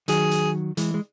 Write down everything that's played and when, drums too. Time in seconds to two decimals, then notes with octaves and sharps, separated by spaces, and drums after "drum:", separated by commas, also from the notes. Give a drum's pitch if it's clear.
0.08 D#3 F#3 G#4, drum: hi-hat
0.31 drum: hi-hat
0.77 E3 G#3, drum: hi-hat
0.94 G#3